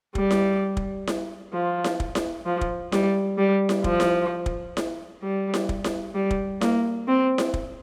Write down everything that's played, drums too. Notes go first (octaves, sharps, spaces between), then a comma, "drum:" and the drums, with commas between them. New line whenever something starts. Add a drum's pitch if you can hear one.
G3, drum: kick
drum: snare E4
drum: kick
drum: snare E4
F3
drum: snare E4
drum: kick
drum: snare E4
F3
drum: kick
G3, drum: snare E4
G3
drum: snare E4
F3, drum: kick
drum: snare E4
drum: kick
drum: snare E4
G3
drum: snare E4
drum: kick
drum: snare E4
G3
drum: kick
A#3, drum: snare E4
C4
drum: snare E4
drum: kick